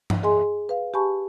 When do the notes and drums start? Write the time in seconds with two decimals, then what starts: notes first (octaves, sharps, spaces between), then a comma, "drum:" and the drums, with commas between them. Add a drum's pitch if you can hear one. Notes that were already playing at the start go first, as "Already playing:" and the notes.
0.10 drum: tom
0.23 G#4 D#5 G#5 C6
0.69 B4 F5
0.94 G4 G#5 A5 B5 C#6